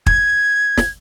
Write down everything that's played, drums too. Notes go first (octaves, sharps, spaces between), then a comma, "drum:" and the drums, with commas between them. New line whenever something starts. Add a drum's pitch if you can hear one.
G#6, drum: kick
drum: snare